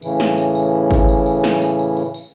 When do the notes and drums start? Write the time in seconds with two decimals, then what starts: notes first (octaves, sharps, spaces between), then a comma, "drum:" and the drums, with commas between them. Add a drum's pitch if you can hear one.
0.02 A2 C#3 E3, drum: tambourine
0.20 drum: snare
0.38 drum: tambourine
0.55 drum: tambourine
0.91 drum: kick G1, tambourine
1.08 drum: tambourine
1.26 drum: tambourine
1.44 drum: snare
1.61 drum: tambourine
1.79 drum: tambourine
1.97 drum: tambourine
2.14 drum: tambourine